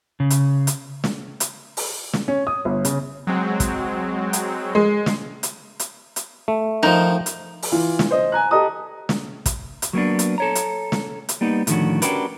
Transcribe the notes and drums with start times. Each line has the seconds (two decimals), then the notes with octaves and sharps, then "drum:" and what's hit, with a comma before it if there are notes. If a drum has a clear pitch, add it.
0.20 C#3
0.30 drum: hi-hat
0.67 drum: hi-hat
1.04 drum: snare
1.40 drum: hi-hat
1.77 drum: open hi-hat
2.13 drum: snare
2.28 C#4
2.47 D#6
2.65 G1
2.85 C#3, drum: hi-hat
3.27 F#3 G#3 C4
3.60 drum: kick, hi-hat
4.33 drum: hi-hat
4.75 G#3
5.06 drum: snare
5.43 drum: hi-hat
5.80 drum: hi-hat
6.16 drum: hi-hat
6.48 A3
6.83 D#3 F3 D#4
7.26 drum: hi-hat
7.63 drum: open hi-hat
7.72 E3 F4
7.99 drum: snare
8.11 C5 D#5
8.32 G#5 A#5 F#6
8.51 G4 A4 D#5 A#5 D#6
9.09 drum: snare
9.46 drum: kick, hi-hat
9.82 drum: hi-hat
9.93 F#3 A#3 B3 D4
10.19 drum: hi-hat
10.38 A4 C#5 A#5
10.55 drum: hi-hat
10.92 drum: snare
11.29 drum: hi-hat
11.41 G3 A#3 B3 D#4
11.67 A2 D3 D#3 F3 C#4 F#4, drum: hi-hat
12.02 C#4 D4 F#4 G4 A#4 B4, drum: hi-hat